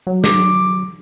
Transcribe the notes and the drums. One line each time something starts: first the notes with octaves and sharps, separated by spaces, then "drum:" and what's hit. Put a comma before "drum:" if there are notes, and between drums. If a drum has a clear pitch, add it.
F#3
D6, drum: snare